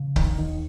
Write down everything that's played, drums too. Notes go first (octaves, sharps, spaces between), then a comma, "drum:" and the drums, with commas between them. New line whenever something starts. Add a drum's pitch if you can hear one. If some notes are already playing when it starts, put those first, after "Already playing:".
Already playing: C#3
D#2 D#3, drum: kick C#1
D#3